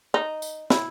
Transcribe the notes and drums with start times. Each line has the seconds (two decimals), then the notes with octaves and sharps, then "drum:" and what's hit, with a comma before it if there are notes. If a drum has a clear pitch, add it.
0.14 D#4
0.42 drum: tambourine
0.70 E4, drum: snare